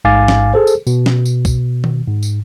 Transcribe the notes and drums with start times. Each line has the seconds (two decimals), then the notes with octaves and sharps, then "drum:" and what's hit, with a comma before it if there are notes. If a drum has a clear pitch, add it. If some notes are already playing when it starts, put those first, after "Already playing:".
0.05 A1 G#2 F5 G#5 D6 A6
0.28 drum: snare
0.54 G#4 A4 C5
0.67 drum: tambourine
0.87 B2, drum: tambourine
1.06 drum: snare
1.26 drum: tambourine
1.45 drum: kick, tambourine
1.84 drum: tom D#3
2.08 G#2
2.23 drum: tambourine